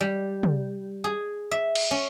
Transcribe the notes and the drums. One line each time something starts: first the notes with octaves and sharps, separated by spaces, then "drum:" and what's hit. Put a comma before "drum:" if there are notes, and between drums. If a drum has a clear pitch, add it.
G3
drum: tom
G#4
E5
drum: cymbal
C#4